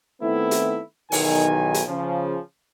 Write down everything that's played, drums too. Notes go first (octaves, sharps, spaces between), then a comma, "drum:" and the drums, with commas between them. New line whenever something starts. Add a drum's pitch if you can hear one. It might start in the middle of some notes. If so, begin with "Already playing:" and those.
D#3 A3 B3 C4 E4
drum: hi-hat
B1 E2 D#3 G#5, drum: open hi-hat
drum: hi-hat
C#3 F3